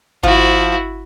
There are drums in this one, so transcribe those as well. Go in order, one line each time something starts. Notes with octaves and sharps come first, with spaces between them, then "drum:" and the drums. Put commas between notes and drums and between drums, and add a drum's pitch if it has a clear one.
F3 E4 F#4, drum: kick G#1